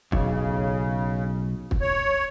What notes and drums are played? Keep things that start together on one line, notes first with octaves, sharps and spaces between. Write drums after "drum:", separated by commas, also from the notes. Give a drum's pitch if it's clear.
B1 C#3, drum: kick
drum: kick
C#5